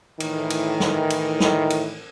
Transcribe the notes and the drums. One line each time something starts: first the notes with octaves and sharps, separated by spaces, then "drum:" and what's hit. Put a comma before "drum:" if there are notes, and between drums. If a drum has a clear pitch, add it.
A2 D#3 E3, drum: cymbal
drum: cymbal
drum: snare
drum: cymbal
drum: snare
drum: cymbal